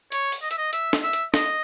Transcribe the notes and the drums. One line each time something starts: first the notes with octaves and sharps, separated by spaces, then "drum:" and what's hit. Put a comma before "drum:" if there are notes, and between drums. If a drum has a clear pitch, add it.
C#5, drum: hi-hat
drum: open hi-hat
D#5
E5, drum: hi-hat
D#5
E5, drum: hi-hat
drum: snare
E5
drum: hi-hat
D#5, drum: snare